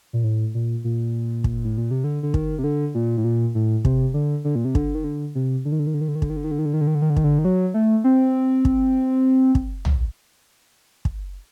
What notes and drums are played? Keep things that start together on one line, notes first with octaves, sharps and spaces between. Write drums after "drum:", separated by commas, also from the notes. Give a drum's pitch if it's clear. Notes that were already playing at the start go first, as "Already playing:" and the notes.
A#2
A2
A#2
A#2
drum: kick
A2
A#2
C3
D3
D3
D#3, drum: kick
C3
D3
A#2
A2
A#2
A2
C3, drum: kick
D3
D3
A#2
C3
D3, drum: kick
D#3
D3
C3
D3
D#3
D3
D#3
D3
D#3
D3
D#3
D3, drum: kick
D#3
D3
D#3
D3
D#3
D3
D#3
D3
D#3
D3
D#3
D3
D#3, drum: kick
D3
D#3
F#3
A3
C4
drum: kick
drum: kick
drum: tom
drum: kick